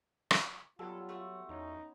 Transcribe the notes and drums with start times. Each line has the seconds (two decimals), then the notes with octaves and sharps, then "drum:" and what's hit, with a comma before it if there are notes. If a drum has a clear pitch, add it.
0.31 drum: rim click
0.79 F#3 G3 B3 F4 A4 C6
1.09 A3 F#4
1.49 E2 C#4 D#4